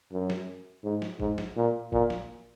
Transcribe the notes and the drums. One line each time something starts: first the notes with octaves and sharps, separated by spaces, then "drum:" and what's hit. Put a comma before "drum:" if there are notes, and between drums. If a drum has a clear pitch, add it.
F#2
drum: snare
G#2
drum: snare
G#2, drum: kick
drum: snare
A#2
A#2, drum: kick
drum: snare